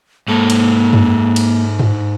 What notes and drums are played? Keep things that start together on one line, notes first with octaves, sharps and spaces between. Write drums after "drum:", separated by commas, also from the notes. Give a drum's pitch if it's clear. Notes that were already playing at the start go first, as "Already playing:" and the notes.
G#2 A#3 A4
drum: cymbal
drum: tom F#2
drum: cymbal
drum: tom G2